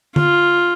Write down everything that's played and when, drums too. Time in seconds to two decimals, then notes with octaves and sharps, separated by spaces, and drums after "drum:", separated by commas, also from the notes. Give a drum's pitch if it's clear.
0.16 F4, drum: tom D3